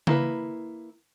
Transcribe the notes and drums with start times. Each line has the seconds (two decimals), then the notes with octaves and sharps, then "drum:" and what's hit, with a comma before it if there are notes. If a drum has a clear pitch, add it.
0.07 A#3 E4 B4, drum: tom C#3